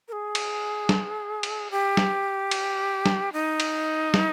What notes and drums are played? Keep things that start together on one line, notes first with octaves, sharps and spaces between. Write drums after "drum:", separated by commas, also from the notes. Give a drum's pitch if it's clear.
A#4
G#4
drum: cymbal
drum: snare
drum: cymbal
G4
drum: snare
drum: cymbal
drum: snare
D#4
drum: cymbal
drum: snare